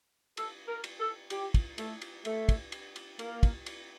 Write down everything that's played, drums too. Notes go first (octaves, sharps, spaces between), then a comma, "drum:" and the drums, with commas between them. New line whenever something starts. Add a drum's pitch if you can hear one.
A4, drum: cymbal
A#4
drum: cymbal
A4
G4, drum: cymbal
drum: kick, cymbal
A3, drum: cymbal
drum: cymbal
A3, drum: cymbal
drum: kick, cymbal
drum: cymbal
drum: cymbal
A#3, drum: cymbal
drum: kick, cymbal
drum: cymbal